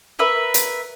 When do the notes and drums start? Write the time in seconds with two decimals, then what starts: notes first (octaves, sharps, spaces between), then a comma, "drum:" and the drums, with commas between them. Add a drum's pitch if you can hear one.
0.19 A#4 B4 E5
0.54 drum: hi-hat